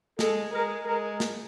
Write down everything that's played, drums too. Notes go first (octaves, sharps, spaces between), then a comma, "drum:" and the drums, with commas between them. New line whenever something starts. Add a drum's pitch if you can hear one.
G#3 A4, drum: snare
G#3 A#4
G#3 A#4
drum: snare